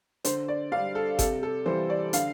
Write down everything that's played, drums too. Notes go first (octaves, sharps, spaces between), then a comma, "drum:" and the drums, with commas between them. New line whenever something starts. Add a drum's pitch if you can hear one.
D3 C5, drum: hi-hat
D5
D4 F5
G3
A4
C3 A4, drum: kick G1, hi-hat
A4
E3 G3 C5
D5
D3 F5, drum: hi-hat